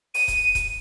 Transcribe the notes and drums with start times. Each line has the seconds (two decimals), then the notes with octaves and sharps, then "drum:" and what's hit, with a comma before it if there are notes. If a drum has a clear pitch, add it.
0.14 D#7, drum: open hi-hat
0.28 drum: kick D#1, hi-hat
0.55 drum: kick D#1, hi-hat